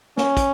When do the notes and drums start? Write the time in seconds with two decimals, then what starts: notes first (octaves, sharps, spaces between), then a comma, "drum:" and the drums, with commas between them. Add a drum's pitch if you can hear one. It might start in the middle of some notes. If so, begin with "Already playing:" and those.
0.17 C#4, drum: snare
0.37 drum: kick, hi-hat